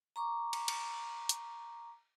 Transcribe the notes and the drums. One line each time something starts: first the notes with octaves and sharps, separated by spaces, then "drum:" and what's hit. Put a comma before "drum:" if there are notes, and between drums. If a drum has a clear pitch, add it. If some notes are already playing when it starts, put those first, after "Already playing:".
A#5 C#6 D6
drum: cymbal
drum: cymbal
drum: hi-hat